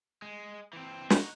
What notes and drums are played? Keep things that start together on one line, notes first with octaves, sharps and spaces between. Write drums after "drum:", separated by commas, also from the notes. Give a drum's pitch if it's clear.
G#3
E3 C4
D#4 F#4, drum: snare